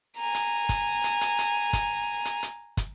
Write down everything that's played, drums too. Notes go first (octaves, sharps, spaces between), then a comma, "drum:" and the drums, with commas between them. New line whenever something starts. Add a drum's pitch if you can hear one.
G#5 A#5
drum: hi-hat
drum: kick, hi-hat
drum: hi-hat
drum: hi-hat
drum: hi-hat
drum: kick, hi-hat
drum: hi-hat
drum: hi-hat
drum: kick, hi-hat